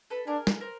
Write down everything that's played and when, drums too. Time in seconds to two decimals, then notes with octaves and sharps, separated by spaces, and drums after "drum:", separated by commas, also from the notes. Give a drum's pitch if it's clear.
0.10 A4 B4
0.27 D4 G#4 A#4
0.47 drum: snare
0.61 A#4 C5